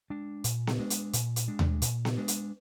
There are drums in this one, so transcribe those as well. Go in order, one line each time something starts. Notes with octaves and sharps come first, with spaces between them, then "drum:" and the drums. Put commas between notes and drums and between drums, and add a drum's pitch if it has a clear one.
G#3 D4
A#2, drum: hi-hat
drum: snare B3
G#3 D4
drum: hi-hat
A#2, drum: hi-hat
drum: hi-hat
G#3 D4
drum: tom D#2
A#2, drum: hi-hat
drum: snare B3
G#3 D4
drum: hi-hat